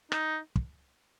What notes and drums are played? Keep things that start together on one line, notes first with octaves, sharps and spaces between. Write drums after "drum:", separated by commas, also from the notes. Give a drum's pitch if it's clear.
D#4, drum: rim click
drum: kick